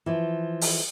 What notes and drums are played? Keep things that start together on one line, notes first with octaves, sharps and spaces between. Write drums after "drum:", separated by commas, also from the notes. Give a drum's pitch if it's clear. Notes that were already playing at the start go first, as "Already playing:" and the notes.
E3 F3
drum: open hi-hat